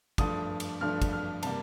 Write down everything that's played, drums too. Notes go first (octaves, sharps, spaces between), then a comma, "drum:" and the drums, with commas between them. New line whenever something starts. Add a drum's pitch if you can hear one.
G2 F3 A3 D4 D#6, drum: kick, cymbal
drum: cymbal
G2 F3 A3 D4 F6
drum: kick, cymbal
F6
C3 G3 A#3 A5, drum: cymbal